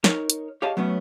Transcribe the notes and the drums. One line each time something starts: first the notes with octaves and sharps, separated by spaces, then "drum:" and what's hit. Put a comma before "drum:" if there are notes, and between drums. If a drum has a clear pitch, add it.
D#4 A#4 C#5, drum: snare
drum: hi-hat
G4 G#4 C#5 D#5 F5 A5
F#3 A3 B3 C#4